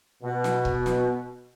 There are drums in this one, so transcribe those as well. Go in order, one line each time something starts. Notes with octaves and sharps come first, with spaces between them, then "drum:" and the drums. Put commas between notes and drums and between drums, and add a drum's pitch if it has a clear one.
B2
drum: snare
drum: kick C#1
drum: snare